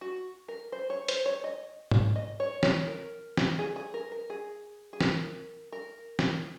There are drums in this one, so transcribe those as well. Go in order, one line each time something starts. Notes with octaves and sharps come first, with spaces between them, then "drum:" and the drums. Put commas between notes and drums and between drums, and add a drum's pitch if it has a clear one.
F#4
A#4
C5
C#5
C5, drum: hi-hat
C#5
D#5
drum: tom G#2
D#5
C#5
C#5, drum: snare
A#4
drum: snare
G#4
G#4
A#4
A#4
G#4
G#4
A#4, drum: snare
A#4
drum: snare